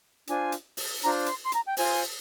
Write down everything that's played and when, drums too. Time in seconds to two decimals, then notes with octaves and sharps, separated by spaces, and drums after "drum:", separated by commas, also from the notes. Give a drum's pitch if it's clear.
0.27 D4 F4 C5 G#5, drum: hi-hat
0.52 drum: hi-hat
0.77 drum: open hi-hat
1.02 D4 F4 C5 A#5, drum: hi-hat
1.26 C6, drum: hi-hat
1.42 C6
1.52 A#5, drum: hi-hat
1.66 G5
1.77 F4 C5 G#5, drum: open hi-hat